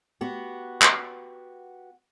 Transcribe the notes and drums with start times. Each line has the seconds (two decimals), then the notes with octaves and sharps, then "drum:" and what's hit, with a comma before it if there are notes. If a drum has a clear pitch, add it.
0.21 B3 F#4 G4
0.82 drum: clap